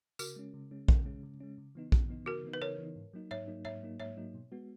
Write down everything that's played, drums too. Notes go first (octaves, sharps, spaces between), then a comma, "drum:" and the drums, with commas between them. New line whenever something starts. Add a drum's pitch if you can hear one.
C#3 F#4 A#4, drum: tambourine
G#3 C#4
C#3
G#3 C#4
C#3, drum: kick A#1
G#3 C#4
C#3
G#3 C#4
C#3
E3 B3 D#4
C#3, drum: kick A#1
E3 B3 D#4
C#3 F#4 A#4
E3 B3 D#4
B4
C#3 A#4 C#5
E3 B3 D#4
G#2
F#3 A#3 D#4
G#2 C#5 E5
F#3 A#3 D#4
G#2 C#5 E5
F#3 A#3 D#4
G#2 C#5 E5
F#3 A#3 D#4
B2
G#3 B3 F#4